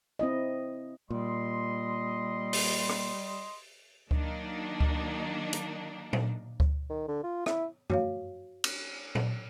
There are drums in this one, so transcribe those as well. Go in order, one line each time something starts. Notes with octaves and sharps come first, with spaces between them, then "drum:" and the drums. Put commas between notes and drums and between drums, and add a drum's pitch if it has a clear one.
C4 E4 D#5
A#2 G3 D#5 C6
drum: open hi-hat
drum: rim click
D#3 F#3 A#3 D4 D#4, drum: kick D2
drum: kick D2
drum: hi-hat
drum: tom A#2
drum: kick D2
D#3
D3
F4
E4, drum: rim click
F#4 C#5 F5, drum: tom F#2
drum: cymbal
drum: tom A#2